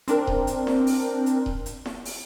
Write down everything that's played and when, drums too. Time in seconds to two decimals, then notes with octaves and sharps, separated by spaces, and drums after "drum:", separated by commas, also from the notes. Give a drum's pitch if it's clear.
0.08 C4 D4 A#4, drum: hi-hat
0.27 drum: kick D#1
0.47 drum: hi-hat
0.67 drum: snare E4
0.87 drum: open hi-hat
1.26 drum: hi-hat
1.46 drum: kick D#1
1.66 drum: hi-hat
1.86 drum: snare E4
2.05 drum: open hi-hat